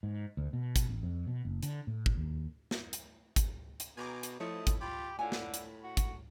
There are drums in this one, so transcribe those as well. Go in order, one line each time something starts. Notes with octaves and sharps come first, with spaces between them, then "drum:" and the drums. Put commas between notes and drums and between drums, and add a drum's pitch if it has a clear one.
G#2
D2
B2
drum: kick, hi-hat
A1
F2
B2
F#1
D3, drum: hi-hat
A2
drum: kick
D#2
drum: snare
drum: hi-hat
drum: kick, hi-hat
drum: hi-hat
B2 G#5 A#5 D6
drum: hi-hat
F3 A3 E4 C#5 D#5
drum: kick, hi-hat
F4 G4 B5
A2 D3 F4 C#5 G#5
drum: snare
drum: hi-hat
F#4
drum: kick, hi-hat